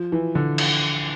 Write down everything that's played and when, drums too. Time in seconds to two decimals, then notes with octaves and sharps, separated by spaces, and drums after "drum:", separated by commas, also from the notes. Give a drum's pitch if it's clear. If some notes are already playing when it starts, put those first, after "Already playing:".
Already playing: F3
0.12 E3
0.35 D3
0.58 drum: cymbal